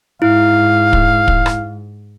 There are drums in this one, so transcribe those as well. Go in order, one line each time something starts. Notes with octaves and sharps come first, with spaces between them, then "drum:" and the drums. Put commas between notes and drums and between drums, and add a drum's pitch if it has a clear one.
G#2 E4 F5
drum: kick
drum: kick
drum: rim click